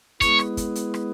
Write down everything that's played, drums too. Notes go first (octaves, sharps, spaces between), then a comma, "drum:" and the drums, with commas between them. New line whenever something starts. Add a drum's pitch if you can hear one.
G#3 B3 E4 G#4 B4 C#5, drum: kick, hi-hat
drum: rim click
drum: kick, hi-hat
drum: hi-hat
drum: rim click